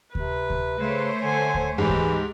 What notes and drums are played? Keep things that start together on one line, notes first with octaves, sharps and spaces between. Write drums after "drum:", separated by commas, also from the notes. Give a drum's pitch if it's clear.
C3 B4, drum: kick D2
drum: kick D2
C#3 A3 C5 C#5
D3 G#5
drum: kick D2
G#2 E3 G4
drum: kick D2